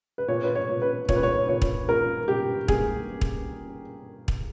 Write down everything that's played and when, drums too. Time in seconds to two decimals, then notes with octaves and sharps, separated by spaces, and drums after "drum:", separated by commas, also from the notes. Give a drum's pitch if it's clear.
0.18 B4
0.28 A#2 C#5
0.44 B4
0.55 C#5
0.69 A#2
0.82 B4
1.09 A#2 C#5, drum: kick
1.16 B4
1.23 C#5
1.48 A#2 C#5
1.62 drum: kick
1.88 A#2 A#4
2.28 A#2 G4
2.68 A#3 G#4, drum: kick
3.21 drum: kick
4.28 drum: kick